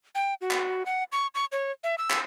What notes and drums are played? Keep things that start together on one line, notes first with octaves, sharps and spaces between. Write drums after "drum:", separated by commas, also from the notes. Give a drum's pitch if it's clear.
G5
F#4
drum: clap
F#5
C#6
C#6
C#5
E5
E6
drum: clap